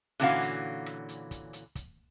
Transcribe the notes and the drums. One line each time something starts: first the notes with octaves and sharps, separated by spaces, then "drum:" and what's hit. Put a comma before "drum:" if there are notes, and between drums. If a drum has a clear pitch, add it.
A#2 D3 E3 C#4 F#4 F5, drum: open hi-hat
drum: hi-hat
drum: rim click
drum: hi-hat
drum: kick, hi-hat
drum: hi-hat
drum: kick, hi-hat